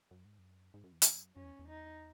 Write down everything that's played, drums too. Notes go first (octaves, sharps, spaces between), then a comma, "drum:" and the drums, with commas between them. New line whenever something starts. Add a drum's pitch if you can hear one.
F#2
G#2
F#2
G#2
F#2
E2
F#2, drum: hi-hat
F#2 C#4
E2
E2
D#4